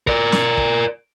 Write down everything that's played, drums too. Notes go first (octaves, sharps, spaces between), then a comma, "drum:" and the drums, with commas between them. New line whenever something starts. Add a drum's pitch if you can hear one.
A#4 D5, drum: kick
drum: snare
drum: kick